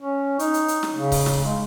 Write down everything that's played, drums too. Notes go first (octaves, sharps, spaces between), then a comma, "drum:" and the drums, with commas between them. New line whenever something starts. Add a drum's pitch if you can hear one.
C#4
D#4, drum: hi-hat
drum: hi-hat
drum: hi-hat
drum: snare
C#3
drum: kick C#1, open hi-hat
drum: snare
G#3